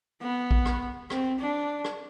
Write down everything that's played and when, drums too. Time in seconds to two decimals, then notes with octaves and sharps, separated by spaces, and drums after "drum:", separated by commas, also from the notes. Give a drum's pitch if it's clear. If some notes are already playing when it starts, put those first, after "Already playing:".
0.21 B3
0.51 drum: kick A#1
0.66 drum: rim click
1.10 C4, drum: rim click
1.40 D4
1.84 drum: rim click